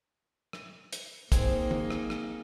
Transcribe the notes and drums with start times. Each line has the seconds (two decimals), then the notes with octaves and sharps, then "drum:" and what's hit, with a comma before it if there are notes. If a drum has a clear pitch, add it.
0.53 drum: rim click
0.93 drum: hi-hat
1.32 A#3 C4 D#4 G#4, drum: kick, hi-hat
1.71 drum: tom
1.90 drum: rim click
2.10 drum: rim click